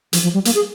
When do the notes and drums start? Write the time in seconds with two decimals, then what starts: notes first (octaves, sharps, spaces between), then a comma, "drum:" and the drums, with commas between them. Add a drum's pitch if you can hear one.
0.13 F3, drum: hi-hat
0.23 F3
0.34 G3
0.45 A#3, drum: hi-hat
0.55 G#4